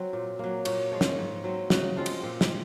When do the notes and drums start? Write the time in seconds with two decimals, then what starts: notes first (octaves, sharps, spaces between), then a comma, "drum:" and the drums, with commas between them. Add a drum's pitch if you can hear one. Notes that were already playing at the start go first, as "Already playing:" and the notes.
Already playing: F#3 C4
0.13 A#2
0.39 F#3 A#3
0.65 A#2 C#5, drum: cymbal
0.92 F3 G#3 C#5
1.01 drum: snare
1.18 G#2
1.44 F#3 C4
1.70 C#3 F#4, drum: snare
1.97 F3 G#3 C4 F4
2.06 drum: cymbal
2.23 A#2 C4
2.41 drum: snare